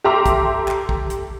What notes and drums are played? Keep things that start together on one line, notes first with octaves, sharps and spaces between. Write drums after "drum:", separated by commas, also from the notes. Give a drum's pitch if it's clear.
G4 A4 E5 A#5 C6 D6
drum: kick, hi-hat
drum: clap
drum: kick
drum: hi-hat